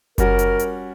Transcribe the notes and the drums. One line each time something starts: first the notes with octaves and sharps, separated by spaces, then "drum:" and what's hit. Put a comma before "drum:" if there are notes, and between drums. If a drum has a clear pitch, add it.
G3 C#4 F#4 A#4, drum: kick F#1, hi-hat
drum: hi-hat
drum: hi-hat